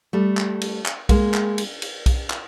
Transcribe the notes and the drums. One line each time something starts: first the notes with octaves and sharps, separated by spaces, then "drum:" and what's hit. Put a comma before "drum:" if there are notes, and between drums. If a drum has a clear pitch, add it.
G3 A3
drum: clap
drum: cymbal
drum: clap
G#3 A#3, drum: kick B1, cymbal
drum: clap
drum: cymbal
drum: cymbal
drum: kick B1, cymbal
drum: clap